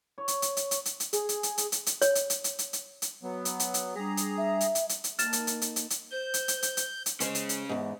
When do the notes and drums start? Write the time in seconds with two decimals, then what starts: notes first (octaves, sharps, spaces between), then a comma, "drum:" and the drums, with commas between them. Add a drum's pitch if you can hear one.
0.18 C#5
0.28 drum: hi-hat
0.42 drum: hi-hat
0.57 drum: hi-hat
0.71 drum: hi-hat
0.85 drum: hi-hat
1.00 drum: hi-hat
1.13 G#4, drum: hi-hat
1.29 drum: hi-hat
1.43 drum: hi-hat
1.58 drum: hi-hat
1.72 drum: hi-hat
1.86 drum: hi-hat
2.02 C#5, drum: hi-hat
2.15 drum: hi-hat
2.30 drum: hi-hat
2.44 drum: hi-hat
2.59 drum: hi-hat
2.73 drum: hi-hat
3.02 drum: hi-hat
3.23 F#3 B3
3.45 drum: hi-hat
3.60 drum: hi-hat
3.74 drum: hi-hat
3.96 G3 D4 G#4 A#5
4.17 drum: hi-hat
4.38 E5
4.61 drum: hi-hat
4.75 drum: hi-hat
4.89 drum: hi-hat
5.04 drum: hi-hat
5.19 D#3 A#3 D#4 A4 F6 A6 E7, drum: hi-hat
5.33 drum: hi-hat
5.47 drum: hi-hat
5.62 drum: hi-hat
5.76 drum: hi-hat
5.90 drum: hi-hat
6.12 C5 G6
6.34 drum: hi-hat
6.48 drum: hi-hat
6.62 drum: hi-hat
6.77 drum: hi-hat
7.06 drum: hi-hat
7.20 G#3 C#4 G#4 C5, drum: hi-hat
7.35 drum: hi-hat
7.49 drum: hi-hat
7.69 E2 G#2